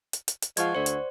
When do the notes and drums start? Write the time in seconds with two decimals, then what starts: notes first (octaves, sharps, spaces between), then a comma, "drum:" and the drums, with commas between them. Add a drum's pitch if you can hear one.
0.13 drum: hi-hat
0.28 drum: hi-hat
0.42 drum: hi-hat
0.57 F3 G#3 F4 F#5 C#6 G#6, drum: hi-hat
0.75 D2 A3 C5 D5
0.86 drum: hi-hat